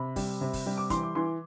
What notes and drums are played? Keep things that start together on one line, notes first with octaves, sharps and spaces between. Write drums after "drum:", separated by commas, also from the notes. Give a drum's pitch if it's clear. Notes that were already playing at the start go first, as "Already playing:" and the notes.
Already playing: C3 B5
G3, drum: kick, open hi-hat
C3
drum: kick, open hi-hat
G3
D6
E3 C6, drum: kick, hi-hat
D6
E3 C6